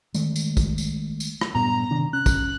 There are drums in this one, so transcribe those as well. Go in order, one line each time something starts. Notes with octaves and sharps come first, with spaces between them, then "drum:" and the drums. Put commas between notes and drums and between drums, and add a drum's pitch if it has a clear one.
D#3 G#3 A3, drum: tambourine
drum: tambourine
drum: kick, tambourine
drum: tambourine
drum: tambourine
drum: rim click
G2 A#2 B3 A#5
C3 D#3 D4
C#4 F#6
drum: kick, tambourine